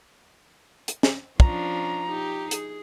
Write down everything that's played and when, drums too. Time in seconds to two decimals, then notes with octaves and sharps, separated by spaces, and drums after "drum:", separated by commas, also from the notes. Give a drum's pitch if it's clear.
0.88 drum: hi-hat
1.03 drum: snare
1.40 F3 C#4 D4 A#5, drum: kick
2.08 D#4 G4
2.51 G#4, drum: hi-hat